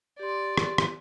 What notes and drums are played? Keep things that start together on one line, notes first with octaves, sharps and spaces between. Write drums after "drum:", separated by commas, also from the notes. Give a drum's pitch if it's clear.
G4 D5 C6
drum: rim click
drum: rim click